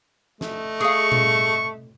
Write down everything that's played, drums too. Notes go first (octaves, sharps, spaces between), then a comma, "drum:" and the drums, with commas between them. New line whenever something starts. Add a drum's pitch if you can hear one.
A3 D#5, drum: snare
G#4 F5 C#6
drum: tom A#2